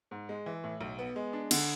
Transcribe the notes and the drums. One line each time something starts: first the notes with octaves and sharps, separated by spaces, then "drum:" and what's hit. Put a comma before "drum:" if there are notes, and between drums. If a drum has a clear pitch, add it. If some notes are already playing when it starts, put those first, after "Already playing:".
G#2
G#3
E3
A2
B1
B3
G#3
D4
D3, drum: cymbal